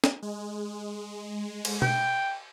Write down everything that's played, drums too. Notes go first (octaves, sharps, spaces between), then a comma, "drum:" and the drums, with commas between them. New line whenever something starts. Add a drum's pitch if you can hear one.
drum: snare
G#3
drum: cymbal
G5, drum: tom B2